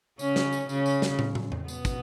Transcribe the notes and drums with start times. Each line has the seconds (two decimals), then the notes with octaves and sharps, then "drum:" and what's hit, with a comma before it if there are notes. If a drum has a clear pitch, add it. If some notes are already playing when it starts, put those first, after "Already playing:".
0.19 C#3 C#4, drum: tambourine
0.36 drum: snare
0.53 drum: tambourine
0.69 C#3 C#4, drum: tambourine
0.86 drum: tambourine
1.02 drum: snare
1.19 drum: tom
1.35 drum: tom
1.52 drum: tom E2
1.68 B2 B3, drum: tambourine
1.85 drum: kick, tambourine